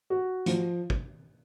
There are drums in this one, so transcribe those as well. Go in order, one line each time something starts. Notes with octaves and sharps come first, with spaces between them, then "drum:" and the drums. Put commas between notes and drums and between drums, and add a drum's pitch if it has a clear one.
F#4
F3, drum: hi-hat
drum: kick